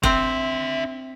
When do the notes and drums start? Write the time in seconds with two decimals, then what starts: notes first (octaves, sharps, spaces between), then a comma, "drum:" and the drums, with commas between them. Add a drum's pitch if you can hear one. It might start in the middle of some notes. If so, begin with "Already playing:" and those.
0.03 C4 D4 E5, drum: kick